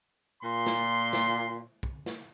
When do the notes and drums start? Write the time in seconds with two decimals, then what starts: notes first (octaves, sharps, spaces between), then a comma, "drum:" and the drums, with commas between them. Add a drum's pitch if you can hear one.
0.43 A#2 C6
0.66 drum: snare
1.13 drum: snare
1.83 drum: kick
2.06 drum: snare